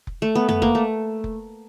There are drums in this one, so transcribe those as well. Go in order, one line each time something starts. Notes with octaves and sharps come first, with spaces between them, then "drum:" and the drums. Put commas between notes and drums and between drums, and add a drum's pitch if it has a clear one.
drum: kick F1
A3
B3
B3, drum: tom F2
A#3, drum: kick F1
A3
drum: kick F1